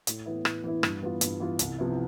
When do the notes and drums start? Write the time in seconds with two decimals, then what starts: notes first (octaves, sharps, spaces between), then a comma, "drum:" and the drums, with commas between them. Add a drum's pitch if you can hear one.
0.07 A2, drum: hi-hat
0.26 E3 B3 E4
0.45 A2, drum: rim click
0.64 E3 B3 E4
0.83 G2, drum: rim click
1.02 E3 B3 F4
1.21 G2, drum: hi-hat
1.40 E3 B3 F4
1.59 C2, drum: hi-hat
1.78 C3 F3 B3 E4